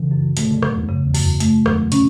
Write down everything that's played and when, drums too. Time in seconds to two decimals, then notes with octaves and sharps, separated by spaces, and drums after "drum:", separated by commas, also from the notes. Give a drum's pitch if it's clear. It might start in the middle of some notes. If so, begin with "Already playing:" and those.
Already playing: C#3 E3
0.11 F#2
0.37 B2 D3 A3, drum: hi-hat
0.50 B2 D3
0.63 B2 D3 F#3, drum: rim click
0.76 E2 G#2
0.89 F#2 C#3
1.06 E2
1.15 F#2, drum: open hi-hat
1.23 E2
1.40 F#2 A3, drum: hi-hat
1.66 E2 G#2 F#3, drum: rim click
1.92 B2 D3 C#4, drum: hi-hat